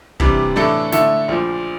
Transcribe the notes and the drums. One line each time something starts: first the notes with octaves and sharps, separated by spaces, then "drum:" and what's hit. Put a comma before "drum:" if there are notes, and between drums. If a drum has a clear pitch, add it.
C3 E3 G3 D4, drum: kick
A2 E3 A3 D4 A4
D3 A3 E4 A4, drum: snare
A#1 A#2 F3